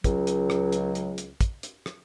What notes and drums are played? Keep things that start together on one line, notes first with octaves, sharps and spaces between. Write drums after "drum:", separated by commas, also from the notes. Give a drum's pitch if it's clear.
C#2 F#3, drum: kick, hi-hat
drum: hi-hat
drum: rim click
drum: hi-hat
drum: hi-hat
drum: hi-hat
drum: kick, hi-hat
drum: hi-hat
drum: rim click